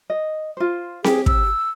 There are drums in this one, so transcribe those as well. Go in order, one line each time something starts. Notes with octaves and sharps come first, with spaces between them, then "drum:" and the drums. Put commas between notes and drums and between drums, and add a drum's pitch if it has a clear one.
D#5
F4 C5
G4 G#4, drum: snare C4
E6, drum: kick